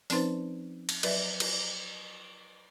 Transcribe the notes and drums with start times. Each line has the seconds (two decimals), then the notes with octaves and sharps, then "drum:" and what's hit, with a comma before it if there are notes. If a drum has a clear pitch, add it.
0.10 F3 C4 C#4 D#4 B4 C5, drum: open hi-hat
0.89 drum: cymbal
1.03 F#3 B4 D5 E5, drum: cymbal
1.40 drum: cymbal